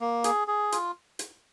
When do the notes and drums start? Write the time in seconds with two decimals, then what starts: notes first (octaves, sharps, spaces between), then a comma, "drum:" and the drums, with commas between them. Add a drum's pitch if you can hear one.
0.01 A#3
0.24 G#4, drum: hi-hat
0.48 G#4
0.72 F4, drum: hi-hat
1.19 drum: hi-hat